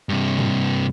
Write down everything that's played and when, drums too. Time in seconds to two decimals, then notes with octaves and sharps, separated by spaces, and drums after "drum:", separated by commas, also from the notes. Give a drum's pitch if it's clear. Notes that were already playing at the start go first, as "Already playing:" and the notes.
0.09 G2 C3
0.39 drum: tom G#2